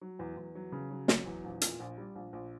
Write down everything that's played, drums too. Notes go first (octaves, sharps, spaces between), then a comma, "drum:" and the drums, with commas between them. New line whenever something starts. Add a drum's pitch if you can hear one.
F#3
E2
E2
F#3
C#3
F#3
F#3, drum: snare
E2
A#1
A#2, drum: hi-hat
A#1
G3
A#1
A#1